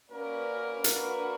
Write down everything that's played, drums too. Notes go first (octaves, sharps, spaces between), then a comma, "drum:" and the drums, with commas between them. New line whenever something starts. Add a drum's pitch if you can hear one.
A#3 C#4 F#4 A#4 B4 D5
D4 F#4 B4, drum: hi-hat